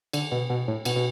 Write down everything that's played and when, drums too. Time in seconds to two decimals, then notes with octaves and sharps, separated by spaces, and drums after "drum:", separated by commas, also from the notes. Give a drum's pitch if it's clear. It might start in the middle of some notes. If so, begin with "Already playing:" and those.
0.13 D3, drum: cymbal
0.31 B2
0.50 B2
0.68 A2
0.85 B2, drum: cymbal
0.96 B2